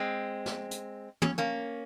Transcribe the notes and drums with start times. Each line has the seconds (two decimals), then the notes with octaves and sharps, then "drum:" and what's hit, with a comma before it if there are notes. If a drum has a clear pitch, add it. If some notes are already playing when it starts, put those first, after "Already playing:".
Already playing: G#3 C4
0.46 drum: snare
0.71 drum: hi-hat
1.22 C#4, drum: tom
1.38 A#3 C#4